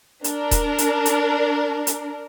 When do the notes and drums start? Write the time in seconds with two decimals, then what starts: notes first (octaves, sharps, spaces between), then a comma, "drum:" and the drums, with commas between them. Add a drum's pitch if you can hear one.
0.24 D4 A#4, drum: hi-hat
0.51 drum: kick D#1, hi-hat
0.78 drum: hi-hat
1.05 drum: hi-hat
1.87 drum: hi-hat